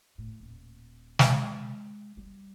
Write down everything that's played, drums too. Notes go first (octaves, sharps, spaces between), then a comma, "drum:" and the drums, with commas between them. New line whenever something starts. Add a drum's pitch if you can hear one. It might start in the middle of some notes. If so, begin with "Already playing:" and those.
A2
D#1
G#3, drum: snare
G3